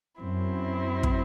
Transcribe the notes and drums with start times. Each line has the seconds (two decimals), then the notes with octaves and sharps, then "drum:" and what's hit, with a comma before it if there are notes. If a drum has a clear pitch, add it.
0.21 F#2 F#3 C4 E4
1.03 drum: kick